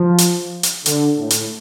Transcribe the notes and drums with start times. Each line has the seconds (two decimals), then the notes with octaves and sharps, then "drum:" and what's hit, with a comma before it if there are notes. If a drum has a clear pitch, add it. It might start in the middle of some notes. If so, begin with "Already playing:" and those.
Already playing: F3
0.18 drum: hi-hat
0.63 drum: hi-hat
0.86 D3, drum: hi-hat
1.19 A2
1.30 drum: hi-hat